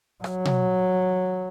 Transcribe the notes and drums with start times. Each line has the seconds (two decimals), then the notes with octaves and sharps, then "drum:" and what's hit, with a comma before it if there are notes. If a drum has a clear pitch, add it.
0.24 F#3, drum: rim click
0.45 drum: tom B2